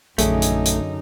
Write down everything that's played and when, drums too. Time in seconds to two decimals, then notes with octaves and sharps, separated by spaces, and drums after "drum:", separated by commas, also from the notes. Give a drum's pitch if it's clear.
0.18 A#1 F#2 D3 A3 C#4 D#4 G#4, drum: hi-hat
0.42 drum: hi-hat
0.65 drum: hi-hat